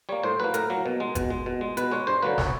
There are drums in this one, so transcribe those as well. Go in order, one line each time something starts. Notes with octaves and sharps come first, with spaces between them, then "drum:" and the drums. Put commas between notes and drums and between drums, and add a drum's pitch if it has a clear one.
G3 A#3 C#5
A2 C5
F#3 A#3 B4
A2 A#4, drum: hi-hat
F#3 A#3
B2
G#3
B2, drum: kick, hi-hat
G#3
B2
G#3
B2 B4, drum: hi-hat
G#3 C#5
G2 C5
D3 F#3 A#3 B4
C#5, drum: snare